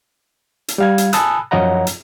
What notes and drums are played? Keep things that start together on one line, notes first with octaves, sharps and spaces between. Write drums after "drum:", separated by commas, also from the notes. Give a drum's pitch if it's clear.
drum: hi-hat
G3 F5 G#6
drum: hi-hat
G#5 A5 B5 D#6 E6 F#6, drum: hi-hat
F#2 F3 C#5 D#5 F#5 A#5
drum: hi-hat